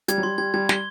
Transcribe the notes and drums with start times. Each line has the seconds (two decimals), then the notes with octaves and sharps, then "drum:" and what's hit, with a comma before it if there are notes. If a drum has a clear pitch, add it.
0.08 G3 G#6, drum: hi-hat
0.18 F#3
0.23 G3 C6
0.38 G3 G#6
0.54 G3 G#6
0.69 G3 G7, drum: snare